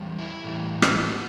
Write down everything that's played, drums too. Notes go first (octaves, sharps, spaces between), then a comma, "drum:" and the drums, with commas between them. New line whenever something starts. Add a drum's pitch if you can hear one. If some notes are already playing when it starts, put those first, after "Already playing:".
Already playing: E2 G3
E4
A2 E3 G3
B3, drum: rim click